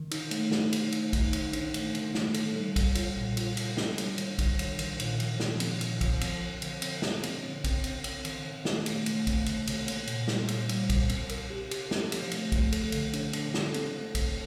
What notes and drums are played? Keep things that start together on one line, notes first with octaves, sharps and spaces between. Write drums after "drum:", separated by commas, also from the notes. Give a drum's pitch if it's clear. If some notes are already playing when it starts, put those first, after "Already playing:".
Already playing: D#3
D#4, drum: cymbal
A3, drum: cymbal
A3, drum: snare
D#4, drum: cymbal
A3, drum: cymbal
D#4, drum: kick A#1, cymbal
D#3, drum: cymbal
D4, drum: cymbal
A3, drum: cymbal
D#3, drum: cymbal
A3, drum: snare
A4, drum: cymbal
G3
G3, drum: kick A#1, cymbal
F4, drum: cymbal
A#2
F4, drum: cymbal
F4, drum: cymbal
D4, drum: snare
G3, drum: cymbal
D#3, drum: cymbal
D4, drum: kick A#1, cymbal
D#3, drum: cymbal
D#3, drum: cymbal
A#2, drum: cymbal
F3, drum: cymbal
F3, drum: snare
C4, drum: cymbal
A#2, drum: cymbal
F3, drum: kick A#1, cymbal
C4, drum: cymbal
F3
D3, drum: cymbal
C4, drum: cymbal
D3, drum: snare
C4, drum: cymbal
C4
C4, drum: kick A#1, cymbal
C4, drum: cymbal
C4, drum: cymbal
D#3, drum: cymbal
D#3
A3, drum: snare
A3, drum: cymbal
A3, drum: cymbal
C4, drum: kick A#1, cymbal
C3, drum: cymbal
C3, drum: cymbal
A#3, drum: cymbal
A#2, drum: cymbal
G3, drum: snare
A#2, drum: cymbal
G3, drum: cymbal
A#2, drum: kick A#1, cymbal
C4, drum: cymbal
A#4, drum: cymbal
G4
G4, drum: cymbal
C4, drum: snare
F3, drum: cymbal
A3, drum: cymbal
A3, drum: kick A#1, cymbal
A4, drum: cymbal
D3, drum: cymbal
D4, drum: cymbal
D4, drum: cymbal
A4, drum: snare
C4, drum: cymbal
A3
A4, drum: kick A#1, cymbal